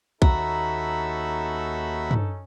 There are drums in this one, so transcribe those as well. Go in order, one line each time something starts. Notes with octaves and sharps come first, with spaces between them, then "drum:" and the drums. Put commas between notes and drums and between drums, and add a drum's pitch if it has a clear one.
D#2 C#4 D#4 F#4 A4 E5 A#5 B5, drum: kick B1
drum: tom